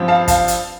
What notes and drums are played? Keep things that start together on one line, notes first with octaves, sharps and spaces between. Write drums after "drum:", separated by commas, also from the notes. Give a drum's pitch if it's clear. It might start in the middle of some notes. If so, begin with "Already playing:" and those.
Already playing: G2 F3 C4
F5 A5
F5 A5, drum: kick, hi-hat
drum: hi-hat